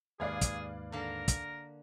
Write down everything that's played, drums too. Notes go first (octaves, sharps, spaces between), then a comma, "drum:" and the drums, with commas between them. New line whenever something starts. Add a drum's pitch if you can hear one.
D#2 G#2 G#4 B4 D5 F5 G#6
drum: kick, hi-hat
D3 A#3 A#4 A5
drum: kick, hi-hat